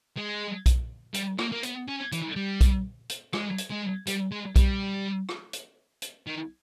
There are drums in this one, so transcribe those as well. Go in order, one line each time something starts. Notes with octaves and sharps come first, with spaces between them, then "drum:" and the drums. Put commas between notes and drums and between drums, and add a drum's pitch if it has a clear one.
G#3
drum: kick B1, hi-hat
G3, drum: hi-hat
A#3, drum: rim click
A#3
B3, drum: hi-hat
C#4
E3, drum: hi-hat
G3
drum: kick B1, hi-hat
drum: hi-hat
G#3, drum: rim click
drum: hi-hat
G#3
G3, drum: hi-hat
G#3
G3, drum: kick B1, hi-hat
drum: rim click
drum: hi-hat
drum: hi-hat
D#3